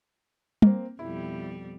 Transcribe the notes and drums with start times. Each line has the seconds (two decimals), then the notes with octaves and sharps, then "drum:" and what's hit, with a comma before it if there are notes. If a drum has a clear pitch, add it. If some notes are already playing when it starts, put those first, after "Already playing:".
0.62 A#3 C4, drum: tom
0.99 F2 B2 G3 E4